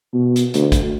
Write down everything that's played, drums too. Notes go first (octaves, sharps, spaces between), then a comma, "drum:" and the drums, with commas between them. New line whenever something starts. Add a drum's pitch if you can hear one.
B2
drum: hi-hat
D2, drum: hi-hat
drum: kick, hi-hat